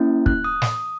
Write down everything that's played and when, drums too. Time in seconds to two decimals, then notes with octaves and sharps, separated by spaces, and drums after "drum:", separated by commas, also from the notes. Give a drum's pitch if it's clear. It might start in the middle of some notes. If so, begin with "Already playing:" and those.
Already playing: A#3 C#4 E4
0.26 F#6, drum: kick
0.44 D#6
0.62 drum: snare